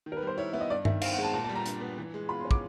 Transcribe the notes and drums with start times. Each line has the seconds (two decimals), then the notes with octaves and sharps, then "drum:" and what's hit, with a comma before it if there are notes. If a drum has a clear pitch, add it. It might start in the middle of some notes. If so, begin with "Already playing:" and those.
0.06 D#3
0.12 A#4
0.17 B4
0.22 G3 C5
0.38 E4 C#5
0.53 B3 E5
0.61 D#5
0.70 G2 D5
0.85 D#3 E5, drum: tom G2
1.01 C4 F5, drum: cymbal
1.12 F#5
1.18 G#3 A5
1.33 A#2 A5
1.44 A5
1.49 G3
1.55 A#5
1.66 D4, drum: hi-hat
1.81 B3
1.98 E3
2.14 G#3
2.29 F4 B5
2.39 C6
2.45 C#4
2.51 D6, drum: kick